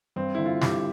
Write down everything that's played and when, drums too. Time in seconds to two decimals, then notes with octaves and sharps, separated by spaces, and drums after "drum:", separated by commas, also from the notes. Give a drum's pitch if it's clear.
0.16 G2 C4
0.35 D3 E4
0.46 F4
0.61 G2 G4, drum: snare